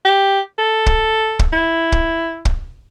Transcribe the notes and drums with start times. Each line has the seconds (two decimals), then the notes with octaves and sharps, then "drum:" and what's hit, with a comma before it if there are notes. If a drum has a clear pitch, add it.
0.05 G4
0.58 A4
0.86 drum: kick
1.39 drum: kick
1.53 E4
1.92 drum: kick
2.45 drum: kick